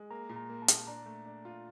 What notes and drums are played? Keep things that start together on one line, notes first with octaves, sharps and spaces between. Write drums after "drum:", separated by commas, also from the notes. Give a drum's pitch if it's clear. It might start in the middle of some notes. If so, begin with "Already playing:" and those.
Already playing: G#3
A#3 A#5
A#2
A#5
A#3
A5
A#2, drum: hi-hat
D4 A#5
A3
D4
F4